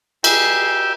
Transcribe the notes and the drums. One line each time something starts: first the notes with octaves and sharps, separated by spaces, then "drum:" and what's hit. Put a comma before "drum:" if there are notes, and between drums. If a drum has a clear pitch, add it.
G4 G#4 G5 E6, drum: cymbal